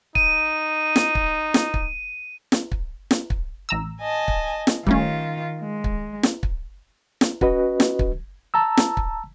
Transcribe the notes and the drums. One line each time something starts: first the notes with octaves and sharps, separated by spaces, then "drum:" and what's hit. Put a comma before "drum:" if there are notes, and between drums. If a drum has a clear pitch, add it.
D#4 D#7, drum: kick
drum: snare
drum: kick
drum: snare
drum: kick
drum: snare
drum: kick
drum: snare
drum: kick
A1 A#5 E6
D#5 G#5 A5
drum: kick
drum: snare
D#3 G3 A3 C#4 F4, drum: kick
G#3
drum: kick
drum: snare
drum: kick
drum: snare
C#4 F#4 B4 D#5, drum: kick
drum: snare
drum: kick
A5 A#5 E6
drum: snare
drum: kick